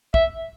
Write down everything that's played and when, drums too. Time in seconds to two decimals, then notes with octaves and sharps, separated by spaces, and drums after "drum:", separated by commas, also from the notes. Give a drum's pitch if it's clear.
0.14 E5, drum: kick